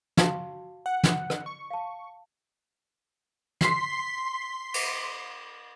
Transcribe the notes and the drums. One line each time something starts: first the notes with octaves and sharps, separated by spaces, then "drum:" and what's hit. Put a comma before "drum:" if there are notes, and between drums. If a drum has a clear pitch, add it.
F#4 F5 A5, drum: snare
F#5
drum: snare
drum: rim click
C#6
F5 A5
C6 B6 C7, drum: snare
drum: cymbal